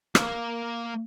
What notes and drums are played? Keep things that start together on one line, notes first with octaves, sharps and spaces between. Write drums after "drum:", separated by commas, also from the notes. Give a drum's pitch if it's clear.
A#3 F5, drum: rim click